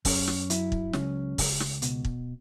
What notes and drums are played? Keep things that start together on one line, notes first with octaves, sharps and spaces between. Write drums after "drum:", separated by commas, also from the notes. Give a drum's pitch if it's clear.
F#2 C#4, drum: kick, open hi-hat
drum: snare
F#3 E4, drum: hi-hat
drum: kick
C#2 C#4, drum: snare
C#2, drum: kick, open hi-hat
drum: snare
B2, drum: hi-hat
drum: kick